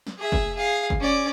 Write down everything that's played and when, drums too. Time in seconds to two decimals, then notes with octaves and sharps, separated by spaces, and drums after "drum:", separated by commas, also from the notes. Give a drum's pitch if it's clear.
0.07 drum: snare
0.19 G#4 E5
0.32 drum: kick
0.55 G#4 F5
0.90 drum: kick
1.00 C#4 D5